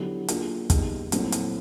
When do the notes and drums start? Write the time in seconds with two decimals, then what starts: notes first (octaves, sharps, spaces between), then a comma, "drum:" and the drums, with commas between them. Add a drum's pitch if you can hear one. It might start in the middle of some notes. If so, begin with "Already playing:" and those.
Already playing: D3 F#3 B3 E4 G4
0.28 A#3 D4 F4 G#4, drum: hi-hat
0.70 G3 B3 D#4 G#4, drum: kick, hi-hat
1.12 A#2 F#3 A3 C4 E4, drum: hi-hat
1.32 drum: hi-hat